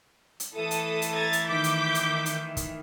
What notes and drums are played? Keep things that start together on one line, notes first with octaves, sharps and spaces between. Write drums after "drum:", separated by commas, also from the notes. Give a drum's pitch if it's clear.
drum: hi-hat
E3 A3 A4 E5 D#6
drum: hi-hat
drum: hi-hat
A#5 G#6 A6
drum: hi-hat
D#3 D6 G6 B6
drum: hi-hat
drum: hi-hat
drum: hi-hat
drum: kick, hi-hat